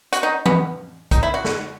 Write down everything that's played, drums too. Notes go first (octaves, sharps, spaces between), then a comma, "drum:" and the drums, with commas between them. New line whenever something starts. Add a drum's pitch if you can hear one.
F#4, drum: hi-hat
D#4
B3, drum: tom E3
D#4, drum: kick, hi-hat
E4
F#4
drum: snare